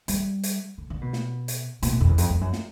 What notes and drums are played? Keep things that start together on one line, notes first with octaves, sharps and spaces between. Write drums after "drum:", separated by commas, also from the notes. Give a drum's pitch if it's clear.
G3, drum: hi-hat
drum: hi-hat
D3
D3
B2
drum: snare
drum: hi-hat
A#2, drum: hi-hat
B2
F2
E2
F2, drum: hi-hat
F2
F#2
drum: snare